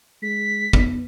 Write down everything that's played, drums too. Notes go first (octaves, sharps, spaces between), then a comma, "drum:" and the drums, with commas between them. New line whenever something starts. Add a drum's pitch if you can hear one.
G#3 B6
B3, drum: kick